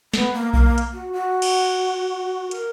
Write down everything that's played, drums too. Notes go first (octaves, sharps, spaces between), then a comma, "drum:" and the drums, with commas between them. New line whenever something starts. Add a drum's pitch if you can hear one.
B3, drum: snare
A#3
A#3, drum: kick B1
drum: hi-hat
F#4
F#4
drum: cymbal
A#4, drum: hi-hat